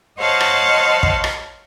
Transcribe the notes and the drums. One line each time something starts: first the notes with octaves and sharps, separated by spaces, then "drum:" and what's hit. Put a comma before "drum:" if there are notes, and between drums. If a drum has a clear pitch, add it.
C5 C#5 D#5 F5 F#5 A5
drum: rim click
drum: kick
drum: rim click